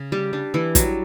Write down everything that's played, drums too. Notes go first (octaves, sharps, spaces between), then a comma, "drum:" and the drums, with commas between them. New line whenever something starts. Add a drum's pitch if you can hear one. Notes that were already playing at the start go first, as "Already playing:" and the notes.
Already playing: C#3
G3 G4
G3 D4
E3 E4
F#3 G3 F#4, drum: kick, hi-hat